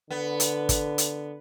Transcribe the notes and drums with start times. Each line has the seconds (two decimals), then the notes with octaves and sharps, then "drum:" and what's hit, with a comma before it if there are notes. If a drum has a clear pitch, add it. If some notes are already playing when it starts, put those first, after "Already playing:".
0.10 D3 B3
0.40 drum: hi-hat
0.69 drum: kick, hi-hat
0.98 drum: hi-hat